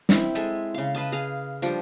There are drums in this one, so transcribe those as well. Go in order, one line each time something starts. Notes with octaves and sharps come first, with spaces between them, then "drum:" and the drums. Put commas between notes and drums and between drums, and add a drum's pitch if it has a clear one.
C4 E4, drum: snare
G#3 A4 E5 G#5
C#3 F5
B4 D#5 A5
G#4 F5
F3 G3 D4